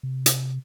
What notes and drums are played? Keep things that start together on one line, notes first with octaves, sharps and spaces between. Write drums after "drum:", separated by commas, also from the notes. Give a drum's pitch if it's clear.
C3
drum: hi-hat